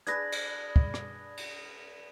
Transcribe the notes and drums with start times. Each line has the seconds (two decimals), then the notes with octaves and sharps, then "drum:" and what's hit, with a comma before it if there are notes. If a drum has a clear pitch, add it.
0.07 D4 G#4 B4 G#6 A#6, drum: hi-hat
0.32 drum: cymbal
0.76 drum: kick
0.94 drum: rim click
1.37 drum: cymbal